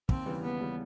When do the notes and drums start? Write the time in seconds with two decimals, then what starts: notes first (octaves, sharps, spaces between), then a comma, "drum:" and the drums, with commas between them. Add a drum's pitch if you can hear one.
0.09 D#2 C4, drum: kick
0.26 C#3 E3 G3
0.42 D#2 B3
0.60 C#3 E3 G3